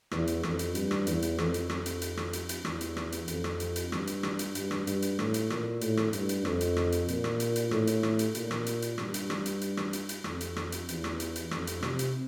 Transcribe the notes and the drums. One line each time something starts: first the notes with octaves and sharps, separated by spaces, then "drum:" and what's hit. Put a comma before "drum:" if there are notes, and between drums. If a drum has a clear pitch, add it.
E2, drum: rim click
drum: hi-hat
F2, drum: rim click
drum: hi-hat
G2, drum: hi-hat
drum: rim click
E2, drum: hi-hat
drum: hi-hat
F2, drum: rim click
drum: hi-hat
F2, drum: rim click
drum: hi-hat
drum: hi-hat
drum: rim click
drum: hi-hat
drum: hi-hat
E2, drum: rim click
drum: hi-hat
drum: rim click
drum: hi-hat
F2, drum: hi-hat
drum: rim click
drum: hi-hat
drum: hi-hat
G2, drum: rim click
drum: hi-hat
drum: rim click
drum: hi-hat
G2, drum: hi-hat
drum: rim click
G2, drum: hi-hat
drum: hi-hat
A2, drum: rim click
drum: hi-hat
A#2, drum: rim click
A2, drum: hi-hat
drum: rim click
G2, drum: hi-hat
drum: hi-hat
F2, drum: rim click
drum: hi-hat
drum: rim click
drum: hi-hat
A#2, drum: hi-hat
drum: rim click
drum: hi-hat
drum: hi-hat
A2, drum: rim click
drum: hi-hat
drum: rim click
drum: hi-hat
A#2, drum: hi-hat
drum: rim click
drum: hi-hat
drum: hi-hat
G2, drum: rim click
drum: hi-hat
drum: rim click
drum: hi-hat
drum: hi-hat
drum: rim click
drum: hi-hat
drum: hi-hat
F2, drum: rim click
drum: hi-hat
drum: rim click
drum: hi-hat
E2, drum: hi-hat
drum: rim click
drum: hi-hat
drum: hi-hat
F2, drum: rim click
drum: hi-hat
C3, drum: rim click
drum: hi-hat